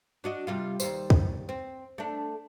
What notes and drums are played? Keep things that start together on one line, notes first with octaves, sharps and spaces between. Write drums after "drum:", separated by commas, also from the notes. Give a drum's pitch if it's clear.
D4 F#4 D#5
C3 G3 F4
D#2 G3 C5, drum: tambourine
drum: kick
C4
A3 D4